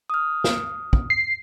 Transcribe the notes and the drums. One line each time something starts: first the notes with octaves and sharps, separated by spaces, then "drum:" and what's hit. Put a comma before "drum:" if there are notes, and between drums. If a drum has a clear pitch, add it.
D#6 F6
drum: snare
drum: kick
C7